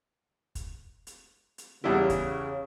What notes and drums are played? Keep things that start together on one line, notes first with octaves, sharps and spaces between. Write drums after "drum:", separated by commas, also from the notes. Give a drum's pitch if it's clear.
drum: kick, hi-hat
drum: hi-hat
drum: hi-hat
E2 C#3 G3 E4
drum: kick, hi-hat